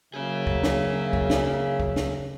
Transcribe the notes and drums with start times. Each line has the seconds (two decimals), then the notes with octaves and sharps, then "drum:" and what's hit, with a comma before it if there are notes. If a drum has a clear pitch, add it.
0.14 C#3 F#3 A#3 G#4 C#5 E5
0.47 drum: kick
0.63 drum: snare
1.13 drum: kick
1.30 drum: snare
1.80 drum: kick
1.96 drum: snare